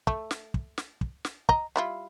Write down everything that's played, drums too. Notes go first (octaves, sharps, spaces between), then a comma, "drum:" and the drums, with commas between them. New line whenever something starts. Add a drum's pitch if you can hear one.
A3, drum: kick
drum: snare
drum: kick
drum: snare
drum: kick
drum: snare
D#5 A#5, drum: kick
G3 E4 F4